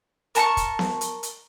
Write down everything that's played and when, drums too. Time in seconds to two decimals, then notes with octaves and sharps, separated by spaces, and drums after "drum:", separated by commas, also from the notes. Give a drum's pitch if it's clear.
0.35 A#4 A5 A#5 C#6, drum: hi-hat
0.57 drum: kick, hi-hat
0.79 drum: snare B3
1.01 drum: hi-hat
1.23 drum: hi-hat